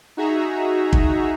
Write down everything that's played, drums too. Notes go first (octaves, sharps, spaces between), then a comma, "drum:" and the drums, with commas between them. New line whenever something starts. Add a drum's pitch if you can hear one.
D#4 F#4 G#4 E5 A#5
drum: kick